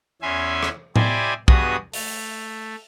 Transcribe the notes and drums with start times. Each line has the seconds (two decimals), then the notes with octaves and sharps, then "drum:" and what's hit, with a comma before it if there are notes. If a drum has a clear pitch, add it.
0.22 E2 E3 C#4 E5 G#5 C6
0.63 drum: rim click
0.96 E4 G4 C5 D5 D#5 G#5, drum: tom A2
1.48 G2 B3 F#4 G#4 D#5 D#6, drum: kick B1
1.94 A3, drum: open hi-hat